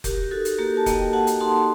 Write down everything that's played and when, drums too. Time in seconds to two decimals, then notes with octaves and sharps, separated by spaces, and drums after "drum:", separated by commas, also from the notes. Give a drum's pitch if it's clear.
0.04 F#4 G4 A#4, drum: kick F1, hi-hat
0.31 D#4 F#4 A4
0.45 drum: hi-hat
0.58 A#3 G4 A#4
0.77 A5
0.86 A#3 D#5 G5, drum: kick F1, hi-hat
1.13 F#4 F#5 A5
1.27 drum: hi-hat
1.40 D#4 A5 C6